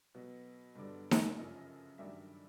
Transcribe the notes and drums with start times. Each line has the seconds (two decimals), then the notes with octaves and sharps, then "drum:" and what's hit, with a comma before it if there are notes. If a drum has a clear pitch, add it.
0.14 B2 F#3 B3
0.75 G2 D3 F#3 B3 D4
1.11 drum: snare D#4
1.37 F#2 C#3 F3 A3 C#4 D#5
1.98 G2 D#3 F#3 A3 D4 E5